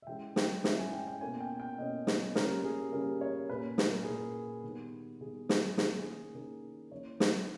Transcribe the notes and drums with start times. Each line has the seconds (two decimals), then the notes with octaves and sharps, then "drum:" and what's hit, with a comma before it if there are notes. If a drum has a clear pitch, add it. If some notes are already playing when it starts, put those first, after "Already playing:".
0.02 E5
0.07 E3 G#3 C#4 G5
0.36 G5, drum: snare
0.64 E3 G#3 C#4 E5, drum: snare
0.79 G#5
0.93 G5
1.07 G5
1.21 B2 A#3 C#4 G#5
1.41 G5
1.60 G5
1.78 B2 A#3 C#4 D#5
2.07 drum: snare
2.35 C#3 G3 A#3 C#4 A#4, drum: snare
2.64 G#4
2.92 C#3 G3 A#3 C#4 A#4
3.21 C#5
3.49 A#2 A#3 C#4 B4
3.78 B4, drum: snare
3.91 A#4
4.03 A#2 A#3 C#4 G#4
4.16 A#4
4.63 D#3 G3 B3
5.21 D#3 G3 B3 G#4
5.49 G#4, drum: snare
5.78 D#3 A#3 C#4 G#4, drum: snare
5.97 G#4
6.34 D#3 A#3 C#4 A#4
6.92 E3 A#3 C#4 C#5
7.20 drum: snare